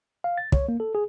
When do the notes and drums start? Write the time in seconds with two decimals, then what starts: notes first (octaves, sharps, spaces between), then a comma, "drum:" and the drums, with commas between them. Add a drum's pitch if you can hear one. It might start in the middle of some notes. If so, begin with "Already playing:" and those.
0.24 F5
0.38 A6
0.52 C#5, drum: kick
0.68 A#3
0.80 A4
0.95 G#4